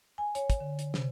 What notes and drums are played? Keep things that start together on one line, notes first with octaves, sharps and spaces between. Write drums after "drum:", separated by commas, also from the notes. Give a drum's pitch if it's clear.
G#5
C#5, drum: hi-hat
drum: kick, hi-hat
D3
drum: hi-hat
C3, drum: snare